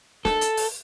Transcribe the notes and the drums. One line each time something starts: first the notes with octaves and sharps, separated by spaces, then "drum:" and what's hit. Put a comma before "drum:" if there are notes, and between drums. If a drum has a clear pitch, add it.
A4, drum: snare
drum: hi-hat
drum: open hi-hat